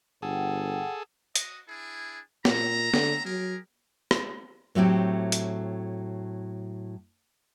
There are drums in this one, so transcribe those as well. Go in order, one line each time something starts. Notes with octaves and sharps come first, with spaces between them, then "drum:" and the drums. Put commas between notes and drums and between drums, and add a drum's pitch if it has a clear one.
G1 G#4 A4 F#5 G5
F#4 D#5, drum: hi-hat
D4 E4 G#4
A#2 E5 A#5, drum: snare B3
D3, drum: snare B3
F#3 G4 G#4 A#4
drum: rim click
A2 F#3 A3 C4 G4
drum: hi-hat